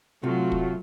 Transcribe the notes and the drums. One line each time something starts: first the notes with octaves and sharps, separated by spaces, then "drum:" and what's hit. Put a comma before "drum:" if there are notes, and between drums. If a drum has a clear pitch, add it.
A2 C3 F#3 A3 F4 F#4
drum: kick